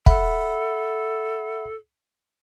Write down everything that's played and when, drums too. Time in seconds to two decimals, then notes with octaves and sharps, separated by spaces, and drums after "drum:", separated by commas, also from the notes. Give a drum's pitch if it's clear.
0.06 A4 E5 F#5 B5, drum: kick